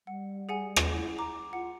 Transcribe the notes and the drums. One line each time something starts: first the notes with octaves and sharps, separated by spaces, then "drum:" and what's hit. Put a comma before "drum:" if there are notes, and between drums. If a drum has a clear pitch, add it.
G3 F#5
G#4 F#5 G#5
drum: rim click
E4
A#5 D6
F4 F#5